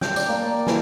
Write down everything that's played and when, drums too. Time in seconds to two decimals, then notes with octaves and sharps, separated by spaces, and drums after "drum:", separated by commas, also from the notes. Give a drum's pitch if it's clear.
0.01 G5, drum: snare
0.16 D5, drum: tambourine
0.28 A#3
0.42 D5
0.67 E3, drum: snare